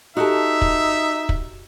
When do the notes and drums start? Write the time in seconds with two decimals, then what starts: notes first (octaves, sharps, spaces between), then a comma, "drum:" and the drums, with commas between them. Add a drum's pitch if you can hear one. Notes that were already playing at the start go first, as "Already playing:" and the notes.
0.17 D#4 F#4 G4 A4 E5
0.62 drum: kick
1.29 drum: kick